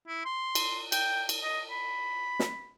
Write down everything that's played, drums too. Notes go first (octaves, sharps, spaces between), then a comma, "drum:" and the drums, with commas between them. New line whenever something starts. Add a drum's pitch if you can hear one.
E4
C6
drum: cymbal
G5, drum: cymbal
drum: cymbal
D#5
B5
drum: snare